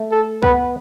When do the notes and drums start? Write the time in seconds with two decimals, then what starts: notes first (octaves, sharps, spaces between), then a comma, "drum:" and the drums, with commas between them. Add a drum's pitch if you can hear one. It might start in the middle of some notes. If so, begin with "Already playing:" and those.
Already playing: A3
0.12 A4
0.43 B3 B4, drum: kick